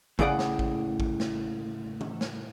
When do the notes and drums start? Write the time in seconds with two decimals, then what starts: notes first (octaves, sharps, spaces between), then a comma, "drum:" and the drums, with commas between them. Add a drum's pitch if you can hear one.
0.19 A2 C#3 G#4 D5 F#5, drum: kick A1
0.39 drum: snare
0.59 drum: kick A1
1.00 drum: kick A1
1.20 drum: snare
2.01 drum: tom E3
2.21 drum: snare